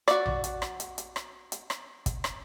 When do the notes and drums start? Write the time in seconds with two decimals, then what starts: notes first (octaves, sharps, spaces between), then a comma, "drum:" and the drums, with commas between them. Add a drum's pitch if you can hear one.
0.08 F#4 D5, drum: rim click
0.26 drum: tom A#1
0.44 drum: hi-hat
0.62 drum: rim click
0.80 drum: hi-hat
0.98 drum: hi-hat
1.16 drum: rim click
1.52 drum: hi-hat
1.70 drum: rim click
2.06 drum: kick, hi-hat
2.24 drum: rim click